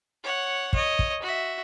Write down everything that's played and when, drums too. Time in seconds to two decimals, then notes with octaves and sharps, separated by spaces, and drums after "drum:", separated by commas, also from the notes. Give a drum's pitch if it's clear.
0.24 C#5 F#5
0.73 C#5 D#5, drum: kick
0.99 drum: kick
1.22 F#4 E5